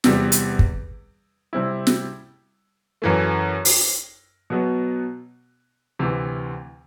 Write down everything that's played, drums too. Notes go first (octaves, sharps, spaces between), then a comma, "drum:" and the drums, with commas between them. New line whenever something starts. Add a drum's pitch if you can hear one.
E2 C3 G3, drum: snare
drum: hi-hat
drum: kick
C3 G3 C4 E4
drum: snare
F#2 E3 A3
drum: open hi-hat
B2 F#3 B3
D2 C3 E3